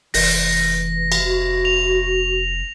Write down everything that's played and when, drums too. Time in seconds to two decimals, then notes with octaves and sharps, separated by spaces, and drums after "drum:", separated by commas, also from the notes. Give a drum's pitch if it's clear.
0.14 F1 E3 A#6, drum: open hi-hat
1.12 drum: cymbal
1.25 F#4
1.65 F7